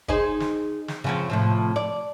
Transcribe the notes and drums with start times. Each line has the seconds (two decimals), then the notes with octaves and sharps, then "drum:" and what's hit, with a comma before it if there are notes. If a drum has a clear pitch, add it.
0.08 D#4 G#4 C5, drum: kick
0.40 drum: snare
0.88 drum: snare
1.04 C#3 F3 C4
1.30 A2 C3 F3
1.76 D5